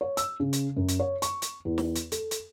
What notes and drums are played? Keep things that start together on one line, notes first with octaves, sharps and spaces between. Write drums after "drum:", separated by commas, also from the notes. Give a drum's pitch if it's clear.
C#5
E6, drum: hi-hat
C#3
drum: hi-hat
F#2
drum: hi-hat
C#5
C#6, drum: hi-hat
drum: hi-hat
E2
drum: snare
drum: hi-hat
A4, drum: hi-hat
drum: hi-hat